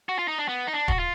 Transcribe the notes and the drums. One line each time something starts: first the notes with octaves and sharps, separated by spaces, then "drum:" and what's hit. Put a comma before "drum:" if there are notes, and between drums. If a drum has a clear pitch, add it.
F#4
F4
D#4
D4
B3
D#4
D4
F#4, drum: kick
F4